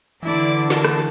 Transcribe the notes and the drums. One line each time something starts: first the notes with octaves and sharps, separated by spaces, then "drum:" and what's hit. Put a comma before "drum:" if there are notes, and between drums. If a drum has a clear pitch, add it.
D3 E3 D4 E4 D5
A#4 A5, drum: snare
drum: rim click